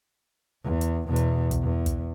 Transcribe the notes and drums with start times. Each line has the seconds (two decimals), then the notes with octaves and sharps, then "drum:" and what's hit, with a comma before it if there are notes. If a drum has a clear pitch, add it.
0.64 E2
0.81 drum: hi-hat
1.07 E2 B2
1.16 drum: hi-hat
1.51 drum: kick, hi-hat
1.61 E2
1.86 drum: kick, hi-hat